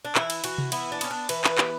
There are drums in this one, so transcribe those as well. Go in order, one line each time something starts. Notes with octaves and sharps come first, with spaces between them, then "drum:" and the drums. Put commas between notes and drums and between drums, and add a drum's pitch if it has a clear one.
D4
E3 E4, drum: clap
drum: cymbal
E3 F#4, drum: cymbal
drum: tom C3
B3 E4, drum: cymbal
D4
B3 C#4, drum: cymbal
D4
E3 B4, drum: cymbal
B4, drum: clap
B3 G4, drum: clap